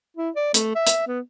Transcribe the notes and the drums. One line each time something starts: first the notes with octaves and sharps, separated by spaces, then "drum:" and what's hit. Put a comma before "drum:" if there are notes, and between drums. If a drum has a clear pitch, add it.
E4
D5
A3, drum: hi-hat
E5
drum: hi-hat
B3